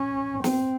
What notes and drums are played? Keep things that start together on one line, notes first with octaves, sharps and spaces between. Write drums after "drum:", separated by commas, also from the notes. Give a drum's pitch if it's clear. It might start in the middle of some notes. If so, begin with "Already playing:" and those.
Already playing: C#4
C4, drum: snare